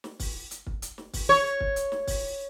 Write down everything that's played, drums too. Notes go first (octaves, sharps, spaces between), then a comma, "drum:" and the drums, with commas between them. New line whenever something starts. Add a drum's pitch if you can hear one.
drum: snare
drum: kick, open hi-hat
drum: hi-hat
drum: kick
drum: hi-hat
drum: snare
drum: kick, open hi-hat
C#5
drum: kick
drum: hi-hat
drum: snare
drum: kick, open hi-hat